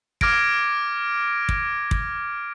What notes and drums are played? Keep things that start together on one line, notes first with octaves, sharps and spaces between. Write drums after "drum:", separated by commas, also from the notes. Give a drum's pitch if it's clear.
D6 F6 G#6 A#6 D7, drum: kick
drum: kick
drum: kick